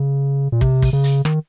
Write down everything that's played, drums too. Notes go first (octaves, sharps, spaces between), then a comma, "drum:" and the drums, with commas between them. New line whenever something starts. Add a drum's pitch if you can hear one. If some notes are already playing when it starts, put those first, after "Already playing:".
Already playing: C#3
A#2
C3, drum: kick
drum: kick, open hi-hat
C#3
drum: hi-hat
D#3, drum: rim click